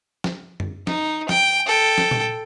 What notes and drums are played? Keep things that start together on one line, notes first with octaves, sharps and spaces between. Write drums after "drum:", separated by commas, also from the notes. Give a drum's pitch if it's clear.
drum: snare
drum: tom F#2
D#4, drum: snare
G5, drum: snare
A4 G5
drum: snare
drum: tom A#2